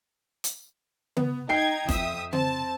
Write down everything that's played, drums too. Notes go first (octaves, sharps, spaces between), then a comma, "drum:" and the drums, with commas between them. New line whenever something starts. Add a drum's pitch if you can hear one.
drum: hi-hat
B3, drum: tom C#3
D#4 G5 G#6 C7
F2 E5 D#6, drum: snare
C4 A5, drum: tom C#3